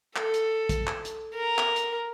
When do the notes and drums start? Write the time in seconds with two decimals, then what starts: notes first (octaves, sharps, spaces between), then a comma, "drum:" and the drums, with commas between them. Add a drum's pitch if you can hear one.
0.16 A4, drum: clap
0.34 drum: hi-hat
0.69 drum: kick, hi-hat
0.87 drum: clap
1.05 drum: hi-hat
1.35 A#4
1.58 drum: clap
1.76 drum: hi-hat